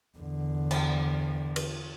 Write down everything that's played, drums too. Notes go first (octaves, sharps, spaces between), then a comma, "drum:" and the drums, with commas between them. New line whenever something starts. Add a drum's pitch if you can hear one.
E2 D3
drum: cymbal
drum: cymbal